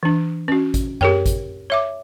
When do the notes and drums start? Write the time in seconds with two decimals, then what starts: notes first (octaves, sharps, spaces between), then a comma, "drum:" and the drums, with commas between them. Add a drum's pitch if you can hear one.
0.03 E3 D4
0.48 C#4 F#4
0.74 drum: kick G#1, hi-hat
1.01 G4 G#4 A#4 C#5 G5, drum: tom F#2
1.26 drum: kick G#1, hi-hat
1.70 C#5 E5 D6